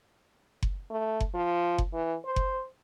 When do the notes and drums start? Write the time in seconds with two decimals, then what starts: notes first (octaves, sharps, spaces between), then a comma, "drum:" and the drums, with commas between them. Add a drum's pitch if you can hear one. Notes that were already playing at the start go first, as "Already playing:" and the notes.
0.63 drum: kick F#1
0.90 A3
1.21 drum: kick F#1
1.34 F3
1.78 drum: kick F#1
1.93 E3
2.25 C5
2.36 drum: kick F#1